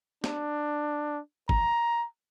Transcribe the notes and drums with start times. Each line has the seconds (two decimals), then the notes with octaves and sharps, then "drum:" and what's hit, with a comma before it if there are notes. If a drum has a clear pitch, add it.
0.24 D4, drum: snare
1.49 A#5, drum: kick G1